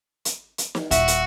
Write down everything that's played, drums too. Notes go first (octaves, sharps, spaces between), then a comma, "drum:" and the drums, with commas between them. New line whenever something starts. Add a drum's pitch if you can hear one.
drum: hi-hat
drum: hi-hat
drum: snare
D#1 F#4 E5, drum: hi-hat
drum: hi-hat